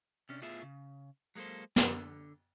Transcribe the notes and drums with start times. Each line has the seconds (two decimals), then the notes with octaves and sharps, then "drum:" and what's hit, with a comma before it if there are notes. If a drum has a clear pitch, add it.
0.29 C3 C#4 D4
0.42 A2 B3 F4 G#4 E5
0.62 C#3
1.35 F#3 G#3 A#3 A4 C5
1.76 D3, drum: snare